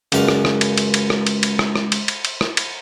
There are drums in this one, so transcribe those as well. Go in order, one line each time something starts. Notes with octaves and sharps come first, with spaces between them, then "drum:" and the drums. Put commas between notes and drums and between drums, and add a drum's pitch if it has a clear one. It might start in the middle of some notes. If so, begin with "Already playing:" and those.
C#2 F#2 F#4 D5 F5, drum: cymbal
drum: rim click
drum: rim click
drum: cymbal
drum: cymbal
drum: cymbal
drum: rim click
drum: cymbal
drum: cymbal
drum: rim click
drum: rim click
drum: cymbal
drum: cymbal
drum: cymbal
drum: rim click
drum: cymbal